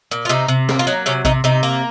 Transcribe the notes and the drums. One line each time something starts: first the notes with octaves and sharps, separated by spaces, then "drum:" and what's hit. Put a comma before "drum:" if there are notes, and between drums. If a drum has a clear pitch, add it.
A#2
F4
C3 D#4
C3
A#3, drum: snare
F4
F#3 D#4
C3 C#4
C3 D#4, drum: kick A#1
C3 D#4
A#3